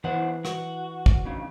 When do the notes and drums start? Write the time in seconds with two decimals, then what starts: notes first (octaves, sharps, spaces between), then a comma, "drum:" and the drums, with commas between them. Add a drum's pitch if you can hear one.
0.04 E2 E3 C5 F#5
0.45 F#4, drum: rim click
1.06 drum: kick
1.25 D#2 C#3